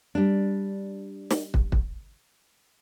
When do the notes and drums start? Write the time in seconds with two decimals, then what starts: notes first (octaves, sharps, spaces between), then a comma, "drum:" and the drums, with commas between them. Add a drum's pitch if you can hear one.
0.15 G3 D4
1.31 drum: snare
1.54 drum: kick
1.72 drum: kick